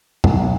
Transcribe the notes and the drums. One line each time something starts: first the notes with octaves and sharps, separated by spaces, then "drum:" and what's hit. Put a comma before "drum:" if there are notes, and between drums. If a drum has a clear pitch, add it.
B1, drum: tom F2